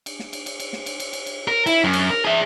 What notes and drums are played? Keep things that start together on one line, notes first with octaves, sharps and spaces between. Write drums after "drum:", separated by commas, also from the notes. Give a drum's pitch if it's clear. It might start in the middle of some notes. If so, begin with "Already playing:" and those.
drum: cymbal
drum: snare
drum: cymbal
drum: cymbal
drum: cymbal
drum: snare
drum: cymbal
drum: cymbal
drum: cymbal
drum: cymbal
A#4
E4, drum: cymbal
F#2
drum: cymbal
A#4
G#4 E5